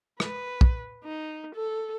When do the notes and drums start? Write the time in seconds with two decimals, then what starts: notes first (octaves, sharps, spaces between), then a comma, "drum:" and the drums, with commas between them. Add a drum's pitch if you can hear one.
0.20 B4, drum: rim click
0.61 drum: kick
1.04 D#4
1.55 A4